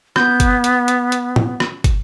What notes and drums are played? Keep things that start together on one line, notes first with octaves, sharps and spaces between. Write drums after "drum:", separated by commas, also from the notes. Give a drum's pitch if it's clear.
B3 G6, drum: rim click
drum: kick, hi-hat
drum: hi-hat
drum: hi-hat
drum: hi-hat
drum: tom A2
drum: rim click
drum: kick, hi-hat